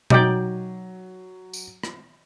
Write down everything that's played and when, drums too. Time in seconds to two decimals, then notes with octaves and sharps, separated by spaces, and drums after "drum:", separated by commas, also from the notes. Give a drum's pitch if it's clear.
0.10 F#3 D#4 D5 G5, drum: tom B2
1.53 drum: tambourine
1.83 drum: rim click